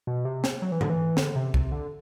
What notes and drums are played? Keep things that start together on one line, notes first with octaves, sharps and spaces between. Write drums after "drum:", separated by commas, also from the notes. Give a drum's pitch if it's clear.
B2
C3
drum: snare
F#3
E3
D3, drum: tom G#2
E3
D3, drum: snare
C3
C3, drum: kick
D3